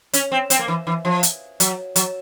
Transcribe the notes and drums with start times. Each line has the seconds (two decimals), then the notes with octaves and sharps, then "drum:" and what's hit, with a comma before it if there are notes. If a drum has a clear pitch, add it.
0.13 C#4, drum: hi-hat
0.32 C4
0.50 C4, drum: hi-hat
0.59 A#3
0.68 E3
0.87 E3
1.05 F3
1.23 drum: hi-hat
1.60 F#3, drum: hi-hat
1.96 F#3, drum: hi-hat